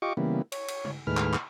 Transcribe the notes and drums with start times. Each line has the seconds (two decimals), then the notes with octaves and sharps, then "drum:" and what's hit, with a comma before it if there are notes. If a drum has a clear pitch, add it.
0.02 F4 G4 D#5 C#6 D6
0.17 C#3 E3 G3 A#3 B3
0.52 C#5, drum: cymbal
0.68 drum: cymbal
0.85 drum: tom
1.07 D#2 A2 G#3 B4 F6
1.17 drum: clap
1.34 drum: clap